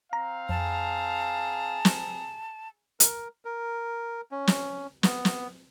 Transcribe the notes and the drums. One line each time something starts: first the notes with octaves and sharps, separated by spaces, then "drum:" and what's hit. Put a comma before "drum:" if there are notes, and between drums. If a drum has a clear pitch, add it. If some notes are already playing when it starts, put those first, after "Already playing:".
C4 F5 A#5
F2 G#4 A5 A#5
drum: snare
A#4, drum: hi-hat
A#4
C#4
drum: snare
B3, drum: snare
drum: snare